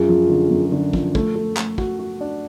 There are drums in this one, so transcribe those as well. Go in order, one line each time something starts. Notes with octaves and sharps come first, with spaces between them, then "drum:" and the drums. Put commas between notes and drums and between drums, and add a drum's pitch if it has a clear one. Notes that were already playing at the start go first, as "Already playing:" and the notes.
Already playing: F#2 F4 G#4
F3
D3
F#2
D3
F3, drum: kick
A3, drum: kick
A3
A3, drum: clap
F#4, drum: kick
F#4
D4